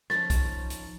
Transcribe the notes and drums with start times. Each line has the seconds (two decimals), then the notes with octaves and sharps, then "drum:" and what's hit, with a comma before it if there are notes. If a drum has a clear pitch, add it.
0.10 F3 C#4 D#4 A6, drum: rim click
0.30 drum: kick B1, hi-hat
0.70 drum: hi-hat